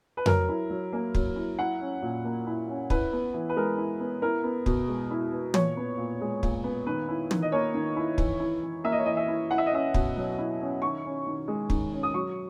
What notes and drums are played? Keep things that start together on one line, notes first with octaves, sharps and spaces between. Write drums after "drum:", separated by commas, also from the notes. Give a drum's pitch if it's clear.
B4
F#3 A#4, drum: tom F2
E4
F#3
A#3
F#3, drum: kick
E4
E4 F#5
C#4
A#2
A#3
E4
C#4
E4 B4, drum: kick
B3
E3
B4
G#3 A#4
E4
B3
E4 A#4
B3
B2, drum: kick
G#3
E4
B3
A#2 C#5, drum: tom
B3
A#2
G#3
A#2, drum: kick
B3
D#3 B4
E4
D#3, drum: tom
D#5
A#3 C#5
D#3
E4
E3, drum: kick
E4
E3
A#3 E5
D#5
C#5
E3 D#5
E5
E4
E4 F#5
E5
D#5
C#4 E5
B2, drum: kick
F#3
E4
C#4
D#3 C#6
C#4
D#3
G#3
D#3, drum: kick
C#4
D#6
F#3 C#6